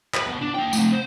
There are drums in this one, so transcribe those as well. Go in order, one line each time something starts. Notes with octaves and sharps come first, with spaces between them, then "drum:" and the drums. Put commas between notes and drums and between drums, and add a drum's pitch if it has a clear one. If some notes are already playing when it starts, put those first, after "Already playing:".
B4, drum: clap
B2
D4
A#3 G5
A3 C4, drum: tambourine
C5